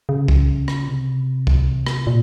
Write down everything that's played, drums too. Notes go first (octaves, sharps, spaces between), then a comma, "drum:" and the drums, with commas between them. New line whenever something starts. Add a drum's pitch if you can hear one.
C#3
drum: kick C2
drum: rim click
C3
drum: kick C2
drum: rim click
A#2